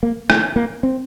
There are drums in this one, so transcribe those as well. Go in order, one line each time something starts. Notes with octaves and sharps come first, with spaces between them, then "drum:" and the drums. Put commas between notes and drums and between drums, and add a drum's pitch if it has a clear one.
A#3
A3, drum: rim click
A#3
C4